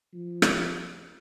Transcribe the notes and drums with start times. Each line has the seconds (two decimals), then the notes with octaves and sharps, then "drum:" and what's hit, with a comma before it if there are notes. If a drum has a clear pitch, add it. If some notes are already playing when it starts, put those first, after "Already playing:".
0.13 F3
0.42 drum: rim click